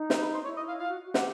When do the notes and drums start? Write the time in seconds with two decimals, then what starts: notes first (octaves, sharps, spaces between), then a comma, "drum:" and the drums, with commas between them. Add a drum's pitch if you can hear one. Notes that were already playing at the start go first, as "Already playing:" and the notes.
Already playing: D#4
0.10 A#4, drum: snare
0.21 B4
0.34 C5
0.45 E4 C#5
0.57 D#5
0.68 F5
0.80 F4 F5
0.88 F#4
1.06 F#4
1.14 G4 F#5, drum: snare